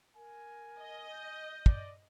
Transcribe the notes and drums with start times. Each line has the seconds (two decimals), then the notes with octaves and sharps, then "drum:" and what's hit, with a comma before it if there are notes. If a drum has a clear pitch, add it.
0.16 A#4 G#5
0.80 D#5
1.11 G6
1.66 D5, drum: kick